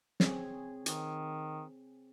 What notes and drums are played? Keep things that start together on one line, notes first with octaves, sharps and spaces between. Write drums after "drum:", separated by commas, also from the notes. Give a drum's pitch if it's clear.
C4 G#4 C#5, drum: snare
D#3, drum: hi-hat